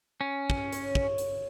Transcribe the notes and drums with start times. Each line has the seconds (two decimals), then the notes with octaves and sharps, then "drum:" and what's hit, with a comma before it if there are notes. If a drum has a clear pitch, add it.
0.21 C#4
0.50 drum: kick
0.72 C#5, drum: hi-hat
0.95 drum: kick
1.18 drum: hi-hat